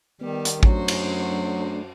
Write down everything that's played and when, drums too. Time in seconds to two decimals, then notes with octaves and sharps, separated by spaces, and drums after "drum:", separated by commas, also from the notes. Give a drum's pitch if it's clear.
0.21 D#3 G3 B3
0.45 drum: hi-hat
0.63 F#2 F#3 A3 D4 F#4 C5, drum: kick A1
0.88 drum: cymbal